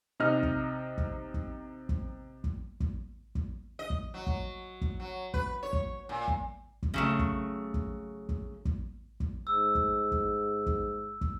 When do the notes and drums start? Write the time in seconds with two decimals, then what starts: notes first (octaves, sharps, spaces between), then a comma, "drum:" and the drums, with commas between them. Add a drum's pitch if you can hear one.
0.20 C3 D#4 D#5 F6
0.43 drum: kick
0.98 drum: kick
1.34 drum: kick
1.89 drum: kick
2.44 drum: kick
2.80 drum: kick
3.35 drum: kick
3.79 D#5
3.90 drum: kick
4.14 F#3
4.27 drum: kick
4.81 drum: kick
5.00 F#3
5.34 B4, drum: kick
5.63 C#5
5.73 drum: kick
6.09 A#2
6.28 drum: kick
6.83 drum: kick
6.94 C#3 F#3 A3
7.19 drum: kick
7.74 drum: kick
8.29 drum: kick
8.65 drum: kick
9.20 drum: kick
9.47 G#2 E6
9.75 drum: kick
10.12 drum: kick
10.66 drum: kick
11.21 drum: kick